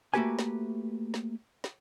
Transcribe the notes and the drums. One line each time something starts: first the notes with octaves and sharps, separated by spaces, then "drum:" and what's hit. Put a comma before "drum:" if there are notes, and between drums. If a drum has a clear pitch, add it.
A3 A#3 F#4 G4 B4 G#5
drum: snare
drum: snare
drum: snare